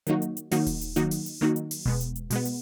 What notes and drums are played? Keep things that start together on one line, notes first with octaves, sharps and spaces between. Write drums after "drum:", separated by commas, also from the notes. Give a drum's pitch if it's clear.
D#3 F#3 A#3 D#4 F#4, drum: hi-hat
drum: hi-hat
drum: hi-hat
D#3 F#3 A#3 D#4 F#4, drum: open hi-hat
drum: kick D#1, open hi-hat
drum: hi-hat
D#3 F#3 A#3 D#4 F#4, drum: hi-hat
drum: open hi-hat
drum: hi-hat
D#3 F#3 A#3 D#4 F#4
drum: hi-hat
drum: open hi-hat
B2 G#3 B3, drum: kick D#1
drum: hi-hat
drum: hi-hat
B2 G#3 B3, drum: open hi-hat
drum: hi-hat